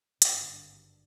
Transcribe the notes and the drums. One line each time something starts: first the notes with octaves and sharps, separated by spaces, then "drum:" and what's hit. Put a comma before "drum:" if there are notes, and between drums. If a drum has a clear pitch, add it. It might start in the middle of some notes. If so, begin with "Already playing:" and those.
G#1 G2 D3, drum: hi-hat